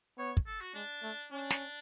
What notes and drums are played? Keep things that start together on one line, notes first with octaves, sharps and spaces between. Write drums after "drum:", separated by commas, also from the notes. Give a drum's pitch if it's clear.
B3 C#5
drum: kick
A4
F#4
G#3 D4
A3
C#4 D4
drum: snare